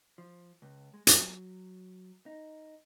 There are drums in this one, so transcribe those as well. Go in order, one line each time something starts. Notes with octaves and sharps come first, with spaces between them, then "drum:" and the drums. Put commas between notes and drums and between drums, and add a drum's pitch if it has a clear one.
F3
C#2
G#3
F#3, drum: hi-hat
D#4